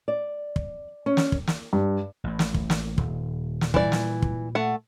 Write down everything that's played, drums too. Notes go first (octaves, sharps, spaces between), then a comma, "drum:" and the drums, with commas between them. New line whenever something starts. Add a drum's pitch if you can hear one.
D5
drum: kick
C#4
drum: snare
drum: kick
drum: snare
G2
A1 A2
drum: snare
drum: kick
drum: snare
D#1, drum: kick
drum: snare
A#2 E3 G3 D5, drum: kick
drum: snare
drum: kick
A3 F#5